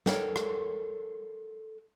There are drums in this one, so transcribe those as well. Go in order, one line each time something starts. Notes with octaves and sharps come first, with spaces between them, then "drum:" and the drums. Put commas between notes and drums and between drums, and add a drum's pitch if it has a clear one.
A4 A#4 C#5 G5, drum: snare
drum: rim click